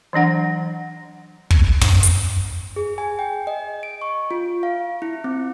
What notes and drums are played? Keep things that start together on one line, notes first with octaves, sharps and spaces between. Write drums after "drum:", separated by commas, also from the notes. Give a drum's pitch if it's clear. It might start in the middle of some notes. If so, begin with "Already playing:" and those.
E3 F#3 D4 F#5
drum: kick
drum: tom
drum: hi-hat
G#4
G#5
G5
D#5
D7
C#6
F4
F5
E4
C4